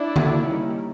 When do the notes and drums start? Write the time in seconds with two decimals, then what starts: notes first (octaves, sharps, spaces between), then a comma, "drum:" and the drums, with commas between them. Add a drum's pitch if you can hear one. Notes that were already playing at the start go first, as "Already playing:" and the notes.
Already playing: D4 E4
0.16 D3 F#3 A#3, drum: tom D3
0.46 D#3 G3 A#3 C#4